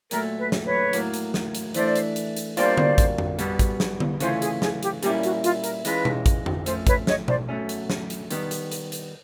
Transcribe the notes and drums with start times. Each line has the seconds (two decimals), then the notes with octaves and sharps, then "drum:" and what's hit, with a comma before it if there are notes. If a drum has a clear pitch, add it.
0.11 A#2 F#3 A3 A#4, drum: hi-hat
0.38 B4
0.52 drum: snare
0.65 B4 C#5
0.93 A2 F#3 A#3, drum: hi-hat
1.14 drum: hi-hat
1.34 drum: snare
1.55 drum: hi-hat
1.74 E3 A3 D4 C5 D5, drum: hi-hat
1.96 drum: hi-hat
2.16 drum: hi-hat
2.36 drum: hi-hat
2.57 B2 G3 A#3 D4 F4 C5 D5, drum: hi-hat
2.77 drum: tom D3
2.98 drum: kick A1, hi-hat
3.18 drum: tom
3.39 B2 G3 B3, drum: hi-hat
3.59 drum: kick A1, hi-hat
3.80 drum: snare
4.00 drum: tom D3
4.20 C#3 E3 A3 C#4 F4 C5, drum: hi-hat
4.42 G#4, drum: hi-hat
4.62 G#4, drum: snare
4.83 G4, drum: hi-hat
5.03 A#2 G3 A#3 C#4 E4 G4, drum: hi-hat
5.23 F#4, drum: hi-hat
5.44 F4, drum: hi-hat
5.64 A#4, drum: hi-hat
5.85 E3 G#3 C#4 F4 B4, drum: hi-hat
6.05 drum: tom B2
6.26 drum: kick A1, hi-hat
6.46 drum: tom
6.66 F3 A3 C#4 C5, drum: hi-hat
6.87 B4 C#5, drum: kick A1, hi-hat
7.07 C#5 D#5, drum: snare
7.28 C5 D5, drum: tom B2
7.49 B2 F#3 A3 C#4
7.69 drum: hi-hat
7.90 drum: snare
8.10 drum: hi-hat
8.31 D#3 G3 B3 D#4, drum: hi-hat
8.51 drum: hi-hat
8.72 drum: hi-hat
8.92 drum: hi-hat